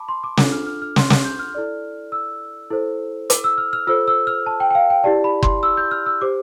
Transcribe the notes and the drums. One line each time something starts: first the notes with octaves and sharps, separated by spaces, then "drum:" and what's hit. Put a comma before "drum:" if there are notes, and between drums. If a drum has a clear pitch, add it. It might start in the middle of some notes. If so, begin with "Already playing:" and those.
Already playing: A5 B5 D6
C6
D6
D4 F4 A4 D6, drum: snare
F6
F6
F6
C6, drum: snare
D6, drum: snare
G6
F6
E4 A4 D5
E6
E4 A4 C5
D6, drum: hi-hat
E6
F6
F6
F4 A4 C5 E6
E6
F6
A5
G5
G5
F5
G5
E4 G4 D5 A5
B5
C6, drum: kick F#1
E6
G6
F6
E6
G4 C5 D6